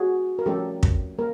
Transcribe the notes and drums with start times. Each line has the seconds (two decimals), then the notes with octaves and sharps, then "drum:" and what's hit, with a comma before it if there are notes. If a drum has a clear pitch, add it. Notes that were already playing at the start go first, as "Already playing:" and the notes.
Already playing: F#4 G#4
0.39 A#4
0.46 F3 A3 C#4 G4 A4
0.83 drum: kick
1.19 A#3 A#4